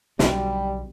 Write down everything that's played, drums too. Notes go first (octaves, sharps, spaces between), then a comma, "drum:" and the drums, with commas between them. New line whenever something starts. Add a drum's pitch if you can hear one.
B1 B2 D3 G3, drum: snare